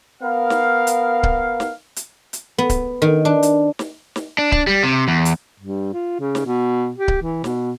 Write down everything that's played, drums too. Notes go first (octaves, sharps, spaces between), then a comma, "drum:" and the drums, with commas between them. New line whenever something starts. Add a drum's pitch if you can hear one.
B3 A#4 F5
drum: snare
drum: hi-hat
drum: kick C#1
drum: snare
drum: hi-hat
drum: hi-hat
B3
drum: kick C#1, hi-hat
D#3
D4
drum: hi-hat
drum: snare
drum: snare
D4
D4, drum: kick C#1
G3
C3
E2
drum: hi-hat
G2
F4
C#3
drum: snare
B2
G4
drum: kick C#1
E3
B2, drum: snare